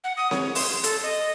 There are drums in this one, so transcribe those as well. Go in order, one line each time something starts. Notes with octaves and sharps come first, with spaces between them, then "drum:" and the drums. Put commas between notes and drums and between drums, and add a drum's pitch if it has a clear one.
F#5
D#6
C#5, drum: snare C4
C6, drum: open hi-hat
A4, drum: hi-hat
D#5